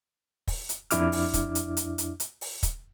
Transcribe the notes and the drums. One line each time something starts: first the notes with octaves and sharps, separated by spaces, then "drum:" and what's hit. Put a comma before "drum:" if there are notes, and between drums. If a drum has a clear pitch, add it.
drum: kick, open hi-hat
drum: hi-hat
F2 D4 E4 D6 F6, drum: hi-hat
drum: open hi-hat
drum: kick, hi-hat
drum: hi-hat
drum: hi-hat
drum: hi-hat
drum: hi-hat
drum: open hi-hat
drum: kick, hi-hat